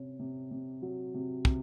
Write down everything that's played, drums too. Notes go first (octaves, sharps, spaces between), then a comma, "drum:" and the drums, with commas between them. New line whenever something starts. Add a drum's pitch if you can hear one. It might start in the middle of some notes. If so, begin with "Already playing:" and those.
Already playing: C3 C#4
C3
C3
F#3
C3
C3, drum: kick